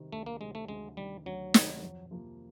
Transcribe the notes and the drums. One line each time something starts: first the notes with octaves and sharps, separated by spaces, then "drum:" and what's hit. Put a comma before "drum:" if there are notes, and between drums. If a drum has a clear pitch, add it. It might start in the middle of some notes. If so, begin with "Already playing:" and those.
Already playing: C3 D#3
D2 A3
A#3
C3 D#3 G#3
A3
D2 G#3
C3 D#3 G3
D2 F#3
C3 D#3, drum: snare
F2
C3 F3 A#3